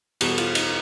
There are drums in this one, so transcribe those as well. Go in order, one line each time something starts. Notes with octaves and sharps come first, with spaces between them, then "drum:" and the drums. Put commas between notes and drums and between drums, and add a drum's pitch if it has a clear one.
E2 B2 G3 F#4, drum: cymbal
F4, drum: cymbal
D#4, drum: cymbal